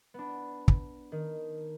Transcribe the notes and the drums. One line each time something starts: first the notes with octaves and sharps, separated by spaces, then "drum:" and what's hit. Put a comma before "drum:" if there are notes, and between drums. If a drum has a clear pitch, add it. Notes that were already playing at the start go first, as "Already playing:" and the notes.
B3 D4
drum: kick
D#3